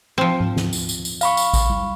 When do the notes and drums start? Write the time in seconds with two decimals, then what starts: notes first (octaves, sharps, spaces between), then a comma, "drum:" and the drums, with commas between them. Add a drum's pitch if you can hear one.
0.18 F3 C4
0.40 drum: tom G#2
0.56 drum: snare
0.73 drum: tambourine
0.89 drum: tambourine
1.05 drum: tambourine
1.21 F5 B5 C#6, drum: tambourine
1.37 drum: tambourine
1.54 drum: kick A1, tambourine
1.70 drum: tom G3